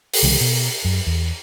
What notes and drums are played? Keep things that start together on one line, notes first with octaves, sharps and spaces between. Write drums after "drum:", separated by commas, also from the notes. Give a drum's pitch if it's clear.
drum: open hi-hat
C2 C#3 E3 G#3
B2
F#2
E2